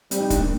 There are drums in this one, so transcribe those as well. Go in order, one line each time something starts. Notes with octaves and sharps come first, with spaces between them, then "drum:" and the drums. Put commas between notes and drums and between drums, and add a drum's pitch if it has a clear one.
G3 C4, drum: hi-hat
D#4
D4, drum: kick, hi-hat
A#3